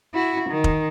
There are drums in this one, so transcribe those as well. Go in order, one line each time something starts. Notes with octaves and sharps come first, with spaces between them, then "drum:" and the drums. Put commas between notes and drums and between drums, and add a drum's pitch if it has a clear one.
E4 F#4
D#3
drum: kick